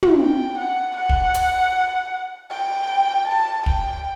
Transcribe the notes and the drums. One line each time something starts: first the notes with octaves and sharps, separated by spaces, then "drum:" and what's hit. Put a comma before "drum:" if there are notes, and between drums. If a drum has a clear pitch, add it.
drum: tom
G5
F#5
F#5
drum: kick
drum: hi-hat
G5
A5
G5, drum: kick